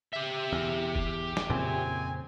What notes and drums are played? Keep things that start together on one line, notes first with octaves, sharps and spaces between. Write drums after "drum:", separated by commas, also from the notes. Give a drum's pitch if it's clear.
G4 E5
E2
drum: kick
drum: snare
F2 A#2 C#3 C4 G#5